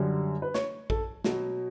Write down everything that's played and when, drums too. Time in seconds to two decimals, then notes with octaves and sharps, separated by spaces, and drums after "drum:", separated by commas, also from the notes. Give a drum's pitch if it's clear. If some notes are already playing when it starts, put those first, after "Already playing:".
Already playing: F#2 D3 G3
0.42 B4
0.54 C#5, drum: snare
0.90 A4, drum: kick
1.24 B2 F#3, drum: snare